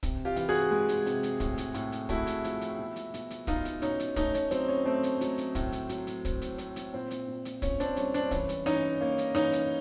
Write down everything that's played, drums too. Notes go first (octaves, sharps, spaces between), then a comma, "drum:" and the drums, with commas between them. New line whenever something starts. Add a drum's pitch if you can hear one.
C3, drum: kick, hi-hat
F4 G4
E3, drum: hi-hat
F#4 G#4
G#3
drum: hi-hat
C3, drum: hi-hat
drum: hi-hat
A2, drum: kick, hi-hat
drum: hi-hat
A2, drum: hi-hat
drum: hi-hat
A3 E4 F#4, drum: kick, hi-hat
drum: hi-hat
F3, drum: hi-hat
drum: hi-hat
B2
drum: hi-hat
B2, drum: hi-hat
drum: hi-hat
B2 D#4 F4, drum: kick, hi-hat
drum: hi-hat
B2 C#4 D#4, drum: hi-hat
drum: hi-hat
A3 C#4 D#4, drum: kick, hi-hat
C#4, drum: hi-hat
F#3 C4, drum: hi-hat
C#4
A3 C4
drum: hi-hat
F#3, drum: hi-hat
drum: hi-hat
A2, drum: kick, hi-hat
drum: hi-hat
F#3, drum: hi-hat
drum: hi-hat
C4, drum: kick, hi-hat
drum: hi-hat
C4, drum: hi-hat
drum: hi-hat
A#2 C4
drum: hi-hat
A#2
drum: hi-hat
A#2 C#4, drum: kick, hi-hat
C4 D4, drum: hi-hat
G3 C#4, drum: hi-hat
C4 D4, drum: hi-hat
E3 C#4, drum: kick, hi-hat
drum: hi-hat
E3 C#4 D#4, drum: hi-hat
A#3 C#4
drum: hi-hat
E3 C#4 D#4, drum: hi-hat
drum: hi-hat